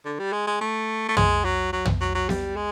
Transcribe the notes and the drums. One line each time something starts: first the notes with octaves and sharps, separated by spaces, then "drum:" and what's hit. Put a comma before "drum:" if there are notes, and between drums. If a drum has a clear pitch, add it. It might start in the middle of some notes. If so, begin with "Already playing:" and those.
D3
G3
G#3
G#3
A3
A3
G#3, drum: tom
F#3
F#3
drum: tom
F#3
F#3
G3, drum: snare B3
G#3